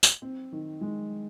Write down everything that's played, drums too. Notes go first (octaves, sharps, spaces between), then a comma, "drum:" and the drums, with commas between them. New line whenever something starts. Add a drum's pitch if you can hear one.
drum: tambourine
C4
D#3
G#3